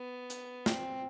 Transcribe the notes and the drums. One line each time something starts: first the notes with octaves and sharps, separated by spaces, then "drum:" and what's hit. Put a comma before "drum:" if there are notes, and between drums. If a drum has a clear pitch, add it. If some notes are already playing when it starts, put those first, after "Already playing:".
Already playing: B3
drum: hi-hat
C4, drum: snare